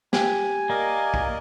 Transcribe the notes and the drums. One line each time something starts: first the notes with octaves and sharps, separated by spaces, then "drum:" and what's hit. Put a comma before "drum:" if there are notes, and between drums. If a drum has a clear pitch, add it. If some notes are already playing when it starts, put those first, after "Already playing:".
G4 G#5, drum: snare
A#3 A#4 D5 D#5
drum: kick